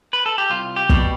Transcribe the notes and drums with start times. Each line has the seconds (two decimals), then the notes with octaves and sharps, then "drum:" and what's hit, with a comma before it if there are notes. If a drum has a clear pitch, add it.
0.13 B4
0.26 A4
0.38 G4
0.50 C2 F4
0.76 G4
0.89 B2 G3, drum: kick